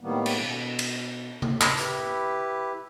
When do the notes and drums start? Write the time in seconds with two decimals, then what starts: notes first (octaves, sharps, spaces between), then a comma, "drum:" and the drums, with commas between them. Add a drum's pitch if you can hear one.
0.01 A2 D#3 G3 A#3 B3
0.26 drum: cymbal
0.37 B2
0.79 drum: cymbal
1.42 A2, drum: tom C3
1.61 drum: clap
1.77 E4 G4 B4, drum: hi-hat